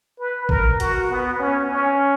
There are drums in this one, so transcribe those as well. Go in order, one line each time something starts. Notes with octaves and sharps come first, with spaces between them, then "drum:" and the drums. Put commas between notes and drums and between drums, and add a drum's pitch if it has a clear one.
B4
A#4, drum: kick
F#4, drum: hi-hat
B3
C#4
C#4